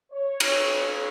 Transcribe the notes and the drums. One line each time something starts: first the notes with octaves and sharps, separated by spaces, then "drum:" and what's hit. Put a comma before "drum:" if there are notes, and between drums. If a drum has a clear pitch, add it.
C#5
drum: cymbal